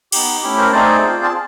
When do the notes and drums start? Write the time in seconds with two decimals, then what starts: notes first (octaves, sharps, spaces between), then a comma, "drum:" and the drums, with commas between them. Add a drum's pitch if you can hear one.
0.12 B3 D#4 G4, drum: cymbal
0.42 A3 C#4 E4 G4
0.57 A#4 C5
0.72 A3 C4 D#4 G#4 C5 D5
1.03 C4 F4 G#4
1.24 A5